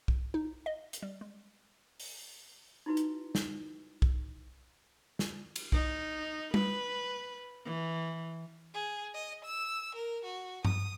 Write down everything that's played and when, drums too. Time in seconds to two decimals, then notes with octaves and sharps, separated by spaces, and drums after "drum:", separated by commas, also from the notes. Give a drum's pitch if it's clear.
0.08 drum: kick B1
0.34 D#4
0.66 D#5
0.93 drum: hi-hat
1.02 G3
1.21 G#3
2.00 drum: open hi-hat
2.86 D#4 E4 F#4 B4
2.97 drum: hi-hat
3.35 drum: snare
4.02 drum: kick B1
5.19 drum: snare
5.56 drum: cymbal
5.72 D#4, drum: kick B1
6.54 B4, drum: tom G3
7.65 E3
8.74 G#4
9.14 D#5
9.44 E6
9.95 A#4
10.24 F#4
10.65 D#6, drum: tom G2